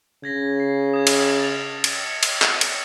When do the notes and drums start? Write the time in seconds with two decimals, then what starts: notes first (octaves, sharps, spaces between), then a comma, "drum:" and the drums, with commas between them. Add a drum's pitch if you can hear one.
0.24 C#3 G#6 A#6 B6
0.60 C7
0.94 D#6 G#6
1.07 drum: cymbal
1.39 A6 F7
1.84 drum: cymbal
2.03 C#7
2.23 drum: cymbal
2.42 drum: clap
2.61 drum: cymbal